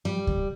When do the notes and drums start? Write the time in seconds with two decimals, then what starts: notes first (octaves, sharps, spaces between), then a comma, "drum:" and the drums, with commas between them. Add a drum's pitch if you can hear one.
0.05 G3
0.27 drum: kick C#2